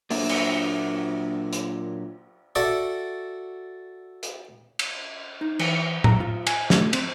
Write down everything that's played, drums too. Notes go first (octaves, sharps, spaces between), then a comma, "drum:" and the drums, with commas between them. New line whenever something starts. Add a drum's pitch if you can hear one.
A#2 F#3 A#3 D4 E5, drum: open hi-hat
drum: cymbal
drum: hi-hat
F#4 A4 D5 E5
drum: hi-hat
drum: cymbal
D#4
E3, drum: cymbal
A#5, drum: tom A2
F4
G#5, drum: cymbal
A3, drum: snare
C4, drum: cymbal